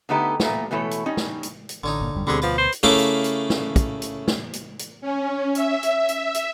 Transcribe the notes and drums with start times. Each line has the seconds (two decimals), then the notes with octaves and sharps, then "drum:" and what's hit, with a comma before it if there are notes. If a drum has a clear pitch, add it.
0.09 D3 A3 B3 D#4 G4 A4
0.40 A#2 A3 B3, drum: snare
0.71 B2 E3 A3 A4 C#5
0.91 drum: hi-hat
1.06 G3 C#4 D#4
1.17 drum: snare
1.43 drum: hi-hat
1.69 drum: hi-hat
1.84 A1 D3 C#4 D#4
2.00 G1 A#2
2.15 G1 F2 G3
2.27 D2 B2 D3 G3 C4 G#4
2.42 F3 B4 D5 F#5
2.58 C5
2.72 drum: hi-hat
2.83 C#3 A3 E4 A#4 F5 D6
2.98 drum: hi-hat
3.24 drum: hi-hat
3.50 drum: snare
3.76 drum: kick, hi-hat
4.02 drum: hi-hat
4.28 drum: snare
4.53 drum: hi-hat
4.79 drum: hi-hat
5.01 C#4
5.55 E5, drum: hi-hat
5.83 drum: hi-hat
6.09 drum: hi-hat
6.34 drum: hi-hat